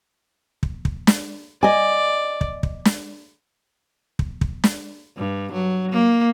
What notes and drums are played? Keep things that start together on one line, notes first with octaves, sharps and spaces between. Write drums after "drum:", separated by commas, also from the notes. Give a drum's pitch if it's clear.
drum: kick
drum: kick
drum: snare
D5 D#5 G#5
drum: kick
drum: kick
drum: snare
drum: kick
drum: kick
drum: snare
G2
F#3
A#3